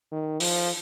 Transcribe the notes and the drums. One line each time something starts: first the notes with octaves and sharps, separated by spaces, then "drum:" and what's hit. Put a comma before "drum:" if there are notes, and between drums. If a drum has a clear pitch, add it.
D#3
F3, drum: open hi-hat